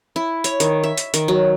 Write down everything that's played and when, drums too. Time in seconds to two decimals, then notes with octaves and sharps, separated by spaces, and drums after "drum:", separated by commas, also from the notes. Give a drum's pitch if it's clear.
0.16 E4
0.44 C#5, drum: hi-hat
0.60 D#3, drum: hi-hat
0.83 E5
0.98 drum: hi-hat
1.14 D#3, drum: hi-hat
1.28 F#3